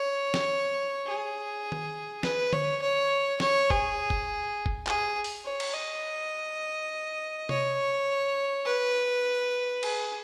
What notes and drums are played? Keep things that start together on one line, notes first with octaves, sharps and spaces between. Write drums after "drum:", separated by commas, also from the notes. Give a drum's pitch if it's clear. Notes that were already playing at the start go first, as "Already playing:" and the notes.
Already playing: C#5
drum: snare
G#4
drum: tom D#3
B4, drum: snare
C#5, drum: tom D3
C#5
C#5, drum: snare
G#4, drum: kick
drum: kick
drum: kick
G#4, drum: clap
drum: open hi-hat
C#5
drum: cymbal
D#5
C#5, drum: tom C3
B4
G#4, drum: cymbal